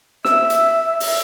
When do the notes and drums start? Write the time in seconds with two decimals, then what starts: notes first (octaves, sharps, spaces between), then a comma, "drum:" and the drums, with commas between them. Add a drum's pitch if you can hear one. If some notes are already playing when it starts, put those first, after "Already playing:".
0.25 E5 E6, drum: snare
0.50 drum: hi-hat
1.00 drum: open hi-hat